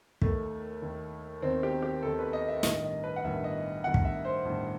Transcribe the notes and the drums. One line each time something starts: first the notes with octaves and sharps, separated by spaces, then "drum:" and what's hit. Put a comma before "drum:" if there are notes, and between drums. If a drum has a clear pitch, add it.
D#2 D#3 A3, drum: kick
D#2 D#3
D#2 D#3 C4
G4
G4
D#2 D#3 A4
B4
D#5
E5
A1 G2 D#3 D#5, drum: snare
D#5
B4
F#5
A1 G2 D#3 E5
D#5
A1 G2 D#3 F#5
drum: kick
E5
C5
A1 G2 D#3